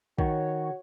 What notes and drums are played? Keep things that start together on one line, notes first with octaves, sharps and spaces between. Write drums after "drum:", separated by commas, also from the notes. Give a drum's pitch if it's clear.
D#3 F#4 C#5, drum: kick